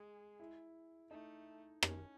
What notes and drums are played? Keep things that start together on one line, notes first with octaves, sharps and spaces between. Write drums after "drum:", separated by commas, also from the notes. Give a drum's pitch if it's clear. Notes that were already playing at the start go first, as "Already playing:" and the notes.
Already playing: G#3 G#4
E4
A3 D#4
C#4, drum: rim click